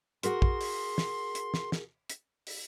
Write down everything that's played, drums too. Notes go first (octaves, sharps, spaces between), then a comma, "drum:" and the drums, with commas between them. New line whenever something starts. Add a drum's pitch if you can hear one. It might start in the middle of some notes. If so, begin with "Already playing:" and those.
F#4 G#4 A#4 C6, drum: hi-hat
drum: kick
drum: open hi-hat
drum: snare
drum: hi-hat
drum: snare
drum: snare
drum: hi-hat
drum: open hi-hat